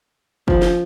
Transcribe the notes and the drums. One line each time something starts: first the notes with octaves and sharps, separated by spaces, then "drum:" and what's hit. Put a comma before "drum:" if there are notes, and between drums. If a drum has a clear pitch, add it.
F3, drum: kick
drum: snare